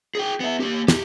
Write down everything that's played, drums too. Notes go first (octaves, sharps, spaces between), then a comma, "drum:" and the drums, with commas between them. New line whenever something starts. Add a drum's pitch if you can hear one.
G#4 G5
B3 E5
A#3 G4
B1 G4, drum: snare